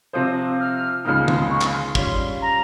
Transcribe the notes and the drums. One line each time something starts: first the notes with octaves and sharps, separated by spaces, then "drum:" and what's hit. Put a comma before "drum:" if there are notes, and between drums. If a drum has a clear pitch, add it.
C3 F3 C4 F4 C5 D#6
F6
C#2 C#3 F3 A#3 D#4 F6
C6, drum: tom D3
C#6
drum: clap
C6
G3 C#4 F4 C6, drum: kick
A#5